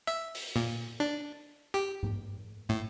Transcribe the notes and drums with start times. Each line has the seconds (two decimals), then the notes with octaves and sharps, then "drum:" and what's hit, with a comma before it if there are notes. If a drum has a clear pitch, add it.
0.07 E5
0.35 drum: open hi-hat
0.56 A#2
1.00 D4
1.74 G4
2.03 drum: tom G#2
2.69 A2